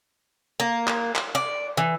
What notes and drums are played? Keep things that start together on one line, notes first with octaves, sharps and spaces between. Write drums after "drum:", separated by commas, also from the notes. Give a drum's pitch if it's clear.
A#3
drum: clap
drum: clap
D5
E3